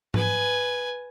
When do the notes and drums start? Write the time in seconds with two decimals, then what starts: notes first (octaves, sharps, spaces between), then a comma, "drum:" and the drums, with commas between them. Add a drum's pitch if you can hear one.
0.14 B4 G#5, drum: tom G#2